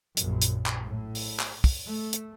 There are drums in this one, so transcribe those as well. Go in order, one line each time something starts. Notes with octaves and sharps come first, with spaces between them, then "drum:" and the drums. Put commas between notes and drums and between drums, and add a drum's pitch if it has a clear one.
A#1 F#2, drum: hi-hat
drum: hi-hat
drum: clap
A2
drum: open hi-hat
drum: clap
drum: kick, open hi-hat
A3
drum: hi-hat